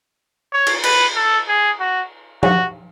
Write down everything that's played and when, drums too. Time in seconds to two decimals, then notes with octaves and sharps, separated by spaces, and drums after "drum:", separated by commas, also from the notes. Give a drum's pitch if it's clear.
0.53 C#5
0.67 drum: cymbal
0.83 B4, drum: cymbal
1.16 A4
1.48 G#4
1.80 F#4
2.43 F#4, drum: tom